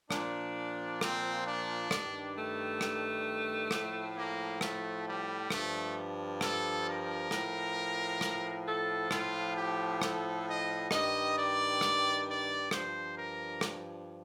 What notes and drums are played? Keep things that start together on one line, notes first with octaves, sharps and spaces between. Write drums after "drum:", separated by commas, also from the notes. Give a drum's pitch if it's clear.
A#2 F3 D4, drum: rim click
C4, drum: rim click
D4
G2 D#3, drum: rim click
A3
drum: rim click
A2 F3, drum: rim click
A#3
A3, drum: rim click
G3
G2 F3 A3, drum: rim click
A4, drum: rim click
A#4
A2 F3, drum: rim click
drum: rim click
A4
A2 F3 F4, drum: rim click
G4
A4, drum: rim click
D#5
G2 D#3 D#5, drum: rim click
D5
drum: rim click
D5
G2 F3 C5, drum: rim click
A#4
drum: rim click